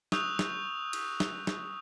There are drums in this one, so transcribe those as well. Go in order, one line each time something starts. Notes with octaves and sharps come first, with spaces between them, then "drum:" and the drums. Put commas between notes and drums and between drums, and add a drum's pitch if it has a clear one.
C#6 D#6 E6 F#6 G6 F7, drum: snare
drum: snare
drum: cymbal
drum: snare
drum: snare